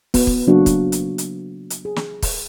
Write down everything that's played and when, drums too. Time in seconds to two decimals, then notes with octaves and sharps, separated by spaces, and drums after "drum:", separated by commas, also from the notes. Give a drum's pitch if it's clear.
0.14 B3 F#4, drum: kick, open hi-hat
0.27 drum: kick
0.47 C#3 F#3 A#3 D4 F#4
0.66 drum: kick, hi-hat
0.92 drum: hi-hat
1.18 drum: hi-hat
1.70 drum: hi-hat
1.85 G#4
1.96 drum: snare
2.22 drum: kick, open hi-hat